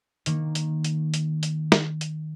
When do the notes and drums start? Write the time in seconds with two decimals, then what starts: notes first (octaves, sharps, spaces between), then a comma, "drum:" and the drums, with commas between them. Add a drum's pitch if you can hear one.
0.26 D#3 A#3, drum: hi-hat
0.55 drum: hi-hat
0.84 drum: hi-hat
1.14 drum: hi-hat
1.43 drum: hi-hat
1.72 drum: snare
2.01 drum: hi-hat